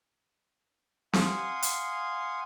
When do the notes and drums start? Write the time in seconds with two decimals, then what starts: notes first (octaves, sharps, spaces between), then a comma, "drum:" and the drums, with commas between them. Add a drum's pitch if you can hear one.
1.13 F5 F#5 G#5 C6 D#6, drum: snare C4
1.62 drum: hi-hat